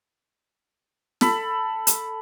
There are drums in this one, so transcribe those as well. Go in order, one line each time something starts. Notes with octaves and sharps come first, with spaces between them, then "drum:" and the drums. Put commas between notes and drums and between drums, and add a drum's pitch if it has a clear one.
A4 B5, drum: snare
drum: hi-hat